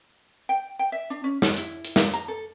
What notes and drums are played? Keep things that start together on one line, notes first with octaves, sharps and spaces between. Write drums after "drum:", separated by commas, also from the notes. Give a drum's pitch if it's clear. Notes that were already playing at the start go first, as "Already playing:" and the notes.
G5
G5
E5
D4
C#4
F#4, drum: snare
E4, drum: hi-hat
drum: hi-hat
F5, drum: snare
A#5, drum: hi-hat
A4